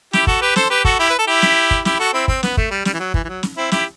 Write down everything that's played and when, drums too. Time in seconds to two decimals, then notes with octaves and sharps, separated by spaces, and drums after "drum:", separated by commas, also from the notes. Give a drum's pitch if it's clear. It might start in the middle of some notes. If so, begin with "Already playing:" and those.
0.13 E4 G4, drum: snare
0.27 F#4 A4, drum: kick
0.42 G4 B4
0.56 A4 C5, drum: snare
0.70 G4 B4
0.85 F#4 A4, drum: kick
0.99 E4 G4
1.10 B4
1.19 A4
1.27 E4 G4
1.42 drum: snare
1.71 drum: kick
1.85 E4 G4, drum: snare
1.99 F#4 A4
2.13 C4 E4
2.28 C4, drum: kick
2.43 B3, drum: snare
2.57 A3, drum: kick
2.71 G3
2.85 G3, drum: snare
2.94 E3
3.00 F#3
3.14 E3, drum: kick
3.24 E3
3.29 F#3
3.43 drum: snare
3.57 C4 E4
3.71 E4 G4, drum: snare